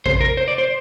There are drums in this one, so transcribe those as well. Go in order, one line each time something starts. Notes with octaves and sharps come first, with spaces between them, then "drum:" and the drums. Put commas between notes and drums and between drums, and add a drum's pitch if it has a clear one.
C5, drum: kick
A#4
C5
D5
C5